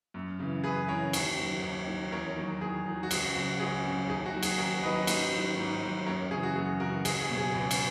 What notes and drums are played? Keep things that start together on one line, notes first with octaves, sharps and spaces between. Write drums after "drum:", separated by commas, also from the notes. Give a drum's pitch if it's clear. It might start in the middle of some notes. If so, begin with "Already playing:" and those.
F#2
C#3 E3
F#2 G#4 B4
B4
C#3 E3 A#4 C#5
D#2, drum: cymbal
D#3 F#3
D#2
D#3 F#3
E2 A#4 C#5
D#3 F#3
E2 G#4
D#3 F#3
F#4
C#2 G#4, drum: cymbal
C#3 F#3 F#4
C#2 G#4
C#3 F#3
D#2 G#4
F#4
D#3 F#3
G#4, drum: cymbal
D#2 F#4 A#4
D#3 F#3 B4 D#5
G#2, drum: cymbal
D#3 F#3
G#2
D#3 F#3
F#2 A#4 C#5
C#3 E3 G#4
F#4
F#2 G#4
C#3 E3 F#4 A#4
C#2 G#4, drum: cymbal
G#4
B2 F#3
G#4
C#2
drum: cymbal